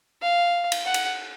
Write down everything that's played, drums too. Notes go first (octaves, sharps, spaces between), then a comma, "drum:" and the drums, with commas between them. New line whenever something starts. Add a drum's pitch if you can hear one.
F5
drum: cymbal
F#5
drum: cymbal